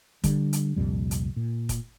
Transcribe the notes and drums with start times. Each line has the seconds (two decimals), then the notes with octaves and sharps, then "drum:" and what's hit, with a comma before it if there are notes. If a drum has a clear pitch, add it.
0.24 D3 G3, drum: kick, hi-hat
0.53 drum: hi-hat
0.76 C2 F2 A#2 G3
1.11 drum: hi-hat
1.36 A#2
1.69 drum: kick, hi-hat